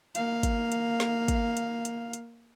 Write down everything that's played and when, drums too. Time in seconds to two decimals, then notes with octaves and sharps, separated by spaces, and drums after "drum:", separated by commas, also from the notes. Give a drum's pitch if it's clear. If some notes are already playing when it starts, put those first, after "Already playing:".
0.15 A#3 F5, drum: hi-hat
0.43 drum: kick, hi-hat
0.72 drum: hi-hat
1.00 drum: snare
1.28 drum: kick, hi-hat
1.57 drum: hi-hat
1.85 drum: hi-hat
2.13 drum: hi-hat